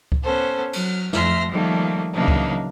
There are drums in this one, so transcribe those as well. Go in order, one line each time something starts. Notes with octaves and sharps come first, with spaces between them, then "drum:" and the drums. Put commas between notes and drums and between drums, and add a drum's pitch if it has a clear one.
drum: kick C#2
B3 C#4 A4 C5
F#3 F6, drum: cymbal
F2 A3 E5 C6 F6 A#6, drum: snare
D#3 F3 G3 A3 A#3
C#3 E3 F#3 A#3 D4 D#4
drum: kick C#2